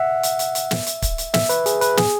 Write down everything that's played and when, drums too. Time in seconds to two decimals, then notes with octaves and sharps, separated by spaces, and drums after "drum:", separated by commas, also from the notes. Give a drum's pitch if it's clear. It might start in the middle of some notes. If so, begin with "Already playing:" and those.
Already playing: E5 F#5
0.23 drum: hi-hat
0.39 drum: hi-hat
0.55 drum: hi-hat
0.71 drum: snare
0.87 drum: hi-hat
1.02 drum: kick, hi-hat
1.18 drum: hi-hat
1.34 E5, drum: snare
1.49 B4, drum: hi-hat
1.66 G#4, drum: hi-hat
1.81 B4, drum: hi-hat
1.97 G#4, drum: snare